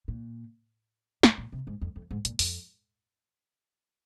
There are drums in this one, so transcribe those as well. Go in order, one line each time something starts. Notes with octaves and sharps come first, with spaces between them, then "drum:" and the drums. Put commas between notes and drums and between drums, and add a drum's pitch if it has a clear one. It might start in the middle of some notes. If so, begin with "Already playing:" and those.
A#2
G#2, drum: snare
A#2
C3
G#2
F2
F2
G#2
A#2, drum: hi-hat
F2, drum: open hi-hat